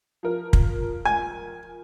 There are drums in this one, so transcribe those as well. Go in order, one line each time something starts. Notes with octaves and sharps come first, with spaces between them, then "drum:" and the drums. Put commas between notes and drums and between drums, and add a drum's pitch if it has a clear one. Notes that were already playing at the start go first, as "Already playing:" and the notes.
F3 A#4
drum: kick
G#5